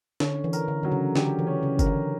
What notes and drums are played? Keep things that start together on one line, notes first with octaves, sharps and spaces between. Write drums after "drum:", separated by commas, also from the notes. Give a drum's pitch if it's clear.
D3 C#4, drum: snare
E3
A#4, drum: tambourine
D3
D3 F#3
C#3
D3 G4, drum: snare
E3
C#4
C#3
A#4, drum: kick G1, tambourine
D3